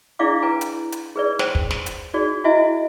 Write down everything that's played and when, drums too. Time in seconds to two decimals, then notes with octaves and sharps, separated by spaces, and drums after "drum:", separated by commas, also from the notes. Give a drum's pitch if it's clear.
0.19 D4 E4 G#4 D5 F5 D6
0.42 B4 G5 G#5 A#5
0.61 drum: hi-hat
0.92 drum: hi-hat
1.16 G#4 B4 D5
1.39 C5 G5, drum: snare
1.55 drum: kick
1.71 drum: snare
1.86 drum: hi-hat
2.14 D#4 F#4 G#4 D5
2.44 E4 F#4 D#5 E5 G#5